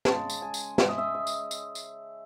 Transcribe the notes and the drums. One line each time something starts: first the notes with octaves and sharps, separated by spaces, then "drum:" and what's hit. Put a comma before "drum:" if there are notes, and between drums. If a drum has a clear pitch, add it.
C#3 G#3 A5, drum: snare
drum: tambourine
G#5
drum: tambourine
E5, drum: snare
D#5
E5
D#5
drum: tambourine
drum: tambourine
drum: tambourine